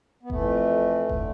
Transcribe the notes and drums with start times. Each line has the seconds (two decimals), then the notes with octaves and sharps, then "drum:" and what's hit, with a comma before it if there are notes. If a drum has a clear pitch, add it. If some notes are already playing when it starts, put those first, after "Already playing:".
0.23 B3
0.30 F2 E3 A3, drum: kick F#1
1.09 D3, drum: kick F#1